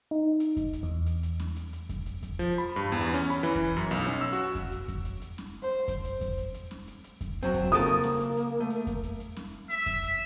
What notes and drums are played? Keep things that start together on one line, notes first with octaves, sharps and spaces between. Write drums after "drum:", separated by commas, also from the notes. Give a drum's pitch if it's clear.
D#4
drum: hi-hat
drum: kick F2, hi-hat
drum: hi-hat
E2
drum: hi-hat
drum: hi-hat
drum: snare C#4
drum: hi-hat
drum: hi-hat
drum: kick F2, hi-hat
drum: hi-hat
drum: kick F2, hi-hat
F3, drum: hi-hat
B5, drum: hi-hat
G2
E2
C#4
B5
E3
drum: kick F2, hi-hat
F#2
B1
C#4, drum: snare C#4
E6, drum: hi-hat
F#4
drum: kick F2, hi-hat
drum: hi-hat
drum: kick F2, hi-hat
drum: hi-hat
drum: hi-hat
drum: snare C#4
C5
drum: kick F2, hi-hat
drum: hi-hat
drum: kick F2, hi-hat
drum: hi-hat
drum: hi-hat
drum: snare C#4
drum: hi-hat
drum: hi-hat
drum: kick F2, hi-hat
F#3 C4
drum: kick F2, hi-hat
C#3 A#3 A#4 A5 D#6, drum: hi-hat
drum: hi-hat
drum: snare C#4
drum: hi-hat
drum: hi-hat
A3
drum: hi-hat
drum: kick F2, hi-hat
drum: hi-hat
drum: hi-hat
drum: snare C#4
E5, drum: hi-hat
drum: kick F2, hi-hat
drum: hi-hat